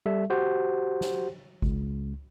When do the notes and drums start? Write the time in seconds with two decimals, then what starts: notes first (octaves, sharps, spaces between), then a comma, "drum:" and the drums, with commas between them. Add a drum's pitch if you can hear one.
0.06 G3 A4 E5
0.30 F#4 G4 C5 F#5
1.01 drum: snare
1.62 C#2, drum: kick G#1